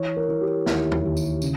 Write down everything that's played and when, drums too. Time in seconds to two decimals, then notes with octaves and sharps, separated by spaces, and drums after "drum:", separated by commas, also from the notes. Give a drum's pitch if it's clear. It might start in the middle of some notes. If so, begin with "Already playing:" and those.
Already playing: E3 C#5
0.17 A#4
0.28 E3
0.41 G4
0.66 D#2 E4, drum: snare
0.92 drum: tom E2
1.04 D#2
1.17 drum: tambourine
1.42 C#3, drum: tambourine